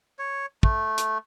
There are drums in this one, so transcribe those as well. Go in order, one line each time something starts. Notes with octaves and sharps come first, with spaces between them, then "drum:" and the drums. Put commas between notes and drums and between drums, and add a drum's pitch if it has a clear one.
C#5
A3, drum: kick
drum: hi-hat